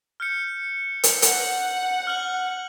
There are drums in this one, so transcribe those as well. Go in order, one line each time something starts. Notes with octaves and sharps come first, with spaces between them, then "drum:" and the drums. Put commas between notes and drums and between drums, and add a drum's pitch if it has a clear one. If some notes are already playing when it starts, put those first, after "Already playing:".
F6 G6 C#7
drum: hi-hat
F#5, drum: hi-hat
F6 F#6 F#7